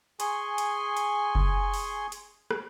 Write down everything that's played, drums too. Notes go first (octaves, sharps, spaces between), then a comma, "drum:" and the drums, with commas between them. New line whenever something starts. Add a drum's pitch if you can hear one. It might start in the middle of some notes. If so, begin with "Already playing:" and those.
G#4 G#5 C6 C#6, drum: hi-hat
drum: hi-hat
drum: hi-hat
drum: kick F#1
drum: open hi-hat
drum: hi-hat
drum: rim click